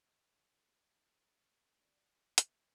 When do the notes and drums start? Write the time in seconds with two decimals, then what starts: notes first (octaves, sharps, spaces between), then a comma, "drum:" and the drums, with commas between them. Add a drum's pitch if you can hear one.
0.08 D#4
0.33 C#5
0.64 G4
0.91 F3
1.10 A4
1.52 A#3
1.65 A#4
1.79 D4
2.05 G#5
2.38 E5, drum: hi-hat